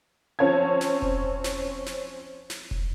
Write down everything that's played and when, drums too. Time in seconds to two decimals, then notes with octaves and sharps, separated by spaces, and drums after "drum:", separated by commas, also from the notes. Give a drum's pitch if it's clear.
0.39 F3 C4 C#4 C#5 A5 G#6
0.81 drum: snare
1.02 drum: kick E1
1.44 drum: snare
1.87 drum: snare
2.50 drum: snare
2.71 drum: kick E1